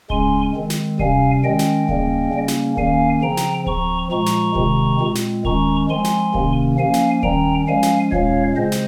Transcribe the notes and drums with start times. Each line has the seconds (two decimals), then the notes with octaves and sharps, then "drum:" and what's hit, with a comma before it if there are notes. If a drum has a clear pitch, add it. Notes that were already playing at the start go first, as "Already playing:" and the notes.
0.10 C#3 G#3 C#4 G#5 C6, drum: kick D1
0.55 D#3 G#3 C4
0.70 drum: snare
0.99 C3 G3 C#4 F5 G#5, drum: kick D1
1.44 D#3 G#3 C#4 D#5 G5
1.59 drum: snare
1.89 C#3 G3 A#3 C#4, drum: kick D1
2.33 C#3 G3 A#3 C#4
2.48 drum: snare
2.77 D#3 A#3 C#4 F5 G#5, drum: kick D1
3.22 C#3 F3 C4 G5 A#5
3.37 drum: snare
3.66 F3 C4 A#5 C#6, drum: kick D1
4.11 A#2 F3 G#3 A#5 C#6
4.26 drum: snare
4.55 C3 D#3 G#3 C4, drum: kick D1
5.00 A#2 G#3 C4
5.15 drum: snare
5.45 D#3 G#3 C#4 A#5 C#6, drum: kick D1
5.90 F3 G#3 C4 G#5 C6
6.04 drum: snare
6.35 C3 D#3 A#3 C#4, drum: kick D1
6.78 F3 A#3 C#4 F5 G#5
6.94 drum: snare
7.23 D#3 G3 C#4 G5 A#5, drum: kick D1
7.68 F3 G#3 C#4 F5 G#5
7.83 drum: snare
8.12 A#2 G#3 C#4 C#5 F5, drum: kick D1
8.56 C#3 G#3 C4 C5 D#5
8.72 drum: snare